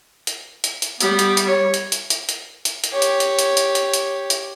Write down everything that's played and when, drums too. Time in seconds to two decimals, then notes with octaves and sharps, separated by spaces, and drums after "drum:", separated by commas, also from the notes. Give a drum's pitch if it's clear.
0.27 drum: hi-hat
0.64 drum: hi-hat
0.82 drum: hi-hat
1.00 G3 B3, drum: hi-hat
1.19 drum: hi-hat
1.37 drum: hi-hat
1.48 C#5
1.74 drum: hi-hat
1.92 drum: hi-hat
2.10 drum: hi-hat
2.29 drum: hi-hat
2.65 drum: hi-hat
2.84 drum: hi-hat
2.93 G4 C#5
3.02 drum: hi-hat
3.20 drum: hi-hat
3.39 drum: hi-hat
3.57 drum: hi-hat
3.75 drum: hi-hat
3.93 drum: hi-hat
4.30 drum: hi-hat